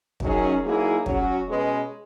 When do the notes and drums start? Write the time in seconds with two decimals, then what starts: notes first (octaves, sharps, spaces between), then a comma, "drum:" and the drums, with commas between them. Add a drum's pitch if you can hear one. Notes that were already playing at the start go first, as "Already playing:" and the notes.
0.20 F#2 D#3 F#3 C#4 G#4, drum: kick
0.63 G#2 F#3 A#3 E4 G#4
1.06 F#3 C#4 F#4, drum: kick
1.48 B2 G#3 C#4 G#4 B4